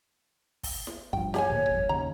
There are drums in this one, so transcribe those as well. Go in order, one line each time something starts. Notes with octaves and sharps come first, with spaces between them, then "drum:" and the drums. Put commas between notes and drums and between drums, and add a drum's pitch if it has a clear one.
drum: kick, open hi-hat
drum: snare E4
G2 F3 G5, drum: kick
G4 G#4 C#5 G#5, drum: snare E4
D1 A#2
G1 F2
D#2 C#3 A#5